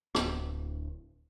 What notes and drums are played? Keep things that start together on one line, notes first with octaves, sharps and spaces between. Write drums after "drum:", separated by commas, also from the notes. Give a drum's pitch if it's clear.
D1, drum: rim click